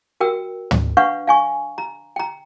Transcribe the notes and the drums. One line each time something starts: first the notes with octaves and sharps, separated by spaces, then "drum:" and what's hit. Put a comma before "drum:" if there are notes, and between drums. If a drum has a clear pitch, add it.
F#4 A#4 G5 E6
drum: tom
D4 B4 F5 F#5 C#6
F5 G#5 C#6
A#5
G5 A#5